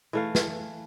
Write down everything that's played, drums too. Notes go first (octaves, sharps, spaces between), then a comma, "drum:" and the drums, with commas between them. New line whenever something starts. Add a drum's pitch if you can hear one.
E3 A3 F5
drum: snare